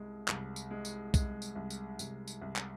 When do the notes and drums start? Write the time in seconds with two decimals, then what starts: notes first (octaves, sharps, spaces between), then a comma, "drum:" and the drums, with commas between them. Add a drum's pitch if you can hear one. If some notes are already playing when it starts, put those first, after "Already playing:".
Already playing: C2 G#3
0.28 C2, drum: clap
0.56 drum: tambourine
0.71 G#3
0.85 drum: tambourine
1.14 G#3, drum: kick B1, tambourine
1.42 drum: tambourine
1.56 C2
1.70 drum: tambourine
1.99 C2, drum: tambourine
2.27 drum: tambourine
2.42 C2
2.56 drum: clap